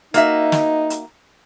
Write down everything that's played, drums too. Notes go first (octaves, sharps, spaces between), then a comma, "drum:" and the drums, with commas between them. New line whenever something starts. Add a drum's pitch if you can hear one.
A#3 D#4 F#4 E5, drum: hi-hat
drum: snare
drum: hi-hat